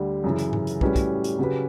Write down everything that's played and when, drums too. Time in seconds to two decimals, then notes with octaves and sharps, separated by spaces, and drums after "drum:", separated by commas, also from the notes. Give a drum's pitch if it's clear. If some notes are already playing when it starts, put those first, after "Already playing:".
Already playing: D2 D3 G3
0.24 F#2 C#3 E3
0.39 drum: hi-hat
0.53 drum: tom G#2
0.67 drum: hi-hat
0.81 A2 G3 C#4 F#4 B4, drum: kick
0.96 drum: kick, hi-hat
1.24 drum: hi-hat
1.39 C#3 F#3 C#4 G4 B4